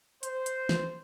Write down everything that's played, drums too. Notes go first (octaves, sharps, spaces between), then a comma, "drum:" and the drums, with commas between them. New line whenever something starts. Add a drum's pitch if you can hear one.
C5, drum: hi-hat
drum: hi-hat
drum: snare